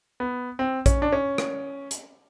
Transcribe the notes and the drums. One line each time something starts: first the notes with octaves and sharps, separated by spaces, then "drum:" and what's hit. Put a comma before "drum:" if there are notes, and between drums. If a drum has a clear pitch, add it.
B3
C4
C#4, drum: kick A#1, hi-hat
D4
C#4
drum: rim click
drum: hi-hat